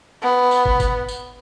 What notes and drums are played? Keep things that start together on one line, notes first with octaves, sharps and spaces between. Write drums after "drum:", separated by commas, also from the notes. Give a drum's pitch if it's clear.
B3
drum: tambourine
drum: kick
drum: kick, tambourine
drum: tambourine